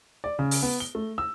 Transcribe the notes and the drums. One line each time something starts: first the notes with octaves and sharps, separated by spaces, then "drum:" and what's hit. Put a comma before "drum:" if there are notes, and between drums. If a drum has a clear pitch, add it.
D5
C#3
drum: open hi-hat
B3
G7
A3
E6